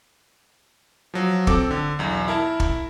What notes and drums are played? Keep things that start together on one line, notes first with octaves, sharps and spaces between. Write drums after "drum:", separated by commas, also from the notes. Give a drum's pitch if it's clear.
F3 F#3
C4 A4 D6, drum: kick
D3
B1 E2
E4 A#4 A5
drum: kick